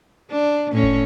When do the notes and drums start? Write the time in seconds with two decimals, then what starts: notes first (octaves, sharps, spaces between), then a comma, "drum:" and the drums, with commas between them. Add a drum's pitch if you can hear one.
0.31 D4
0.73 A2 C#4 C#5
0.83 drum: kick